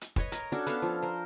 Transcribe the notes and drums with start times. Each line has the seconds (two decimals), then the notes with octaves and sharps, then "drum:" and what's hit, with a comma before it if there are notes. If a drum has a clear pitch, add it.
0.01 drum: hi-hat
0.16 B4 C#5 D#5, drum: kick
0.32 A#4, drum: hi-hat
0.52 C#4 D4 F#4 A4
0.67 B3 A4 F5, drum: hi-hat
0.82 F3
1.02 A#4 C5